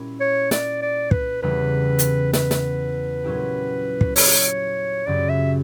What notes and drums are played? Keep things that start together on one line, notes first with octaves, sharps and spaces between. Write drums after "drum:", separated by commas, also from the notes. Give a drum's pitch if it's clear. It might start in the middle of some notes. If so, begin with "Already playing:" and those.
Already playing: A#2 G3 C#4 E4
C#5
D5, drum: snare
D5
B4, drum: kick
E2 C#3 G3 B3 E4 B4
drum: hi-hat
B4, drum: snare
drum: snare
A#2 F#3 C#4 E4 G4
drum: kick
C#5, drum: open hi-hat
F#2 C#3 F#3 C#4 G4 D5
E5